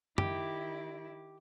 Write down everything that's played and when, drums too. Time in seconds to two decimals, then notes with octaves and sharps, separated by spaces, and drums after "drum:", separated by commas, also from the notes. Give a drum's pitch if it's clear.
0.18 D#3 E4 G4, drum: tom F#2